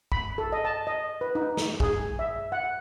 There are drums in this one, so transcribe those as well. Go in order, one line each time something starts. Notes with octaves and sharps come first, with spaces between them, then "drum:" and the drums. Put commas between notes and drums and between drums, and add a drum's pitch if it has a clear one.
B5, drum: kick
A4
D#5
A5
D#5
B4
D#4
drum: snare
G#4, drum: kick
E5
F#5